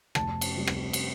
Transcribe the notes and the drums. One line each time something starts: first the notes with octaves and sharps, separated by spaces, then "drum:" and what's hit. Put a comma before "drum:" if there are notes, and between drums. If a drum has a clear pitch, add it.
F1 A5, drum: rim click
drum: cymbal
F2 C3 G3
drum: rim click
drum: cymbal